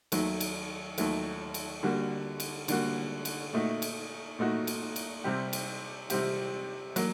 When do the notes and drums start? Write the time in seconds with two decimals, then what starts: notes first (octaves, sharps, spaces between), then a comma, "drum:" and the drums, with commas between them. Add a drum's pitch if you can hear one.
0.12 D#2 D#3 F#3 A3, drum: cymbal
0.40 drum: cymbal
0.98 D#2 D#3 F#3 A3, drum: cymbal
1.54 drum: cymbal
1.83 D3 G3 A#3 F#4
2.40 drum: cymbal
2.68 D3 G3 A#3 F#4, drum: cymbal
3.25 drum: cymbal
3.53 A#2 A3 D#4 F#4
3.82 drum: cymbal
4.39 A#2 A3 D#4 F#4
4.67 drum: cymbal
4.96 drum: cymbal
5.24 C3 G3 C4 G4
5.53 drum: cymbal
6.10 C3 G3 C4 G4, drum: cymbal
6.96 F#3 A#3, drum: cymbal